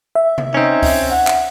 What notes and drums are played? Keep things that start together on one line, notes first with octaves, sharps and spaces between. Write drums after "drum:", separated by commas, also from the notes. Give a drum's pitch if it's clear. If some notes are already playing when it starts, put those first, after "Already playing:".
E5
drum: tom C3
C4 C#4 D#4
drum: kick C#2, open hi-hat
F#5
drum: clap